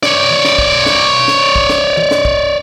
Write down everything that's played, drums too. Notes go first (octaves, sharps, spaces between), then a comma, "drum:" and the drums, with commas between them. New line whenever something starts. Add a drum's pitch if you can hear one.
C#5 D5, drum: snare
drum: tom D#3
drum: snare
drum: kick
drum: snare
drum: snare
drum: kick
drum: snare
drum: tom D#3
drum: snare
drum: kick